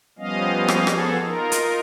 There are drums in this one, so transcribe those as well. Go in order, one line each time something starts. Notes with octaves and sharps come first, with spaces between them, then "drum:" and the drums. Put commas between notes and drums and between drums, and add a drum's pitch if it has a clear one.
F3 G3 B3 C#4 D#5 F5
drum: rim click
F3 B3 G#4 A4, drum: rim click
D#4 F4 A#4
drum: hi-hat